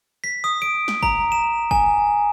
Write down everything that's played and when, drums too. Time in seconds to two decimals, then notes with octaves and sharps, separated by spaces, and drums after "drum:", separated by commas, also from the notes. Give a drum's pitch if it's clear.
0.24 B6
0.44 D#6
0.62 D7
0.88 drum: snare
1.03 A#5, drum: kick
1.32 E7
1.71 G#5, drum: kick